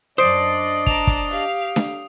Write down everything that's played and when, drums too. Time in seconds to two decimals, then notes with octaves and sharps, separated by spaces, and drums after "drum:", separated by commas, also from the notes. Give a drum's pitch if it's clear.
0.18 F#2 D4 C5 D5 D#5 D#6 C7 D7
0.87 A5 A#5 D6 F7, drum: kick
1.07 drum: kick
1.30 G4 F5
1.76 drum: snare D4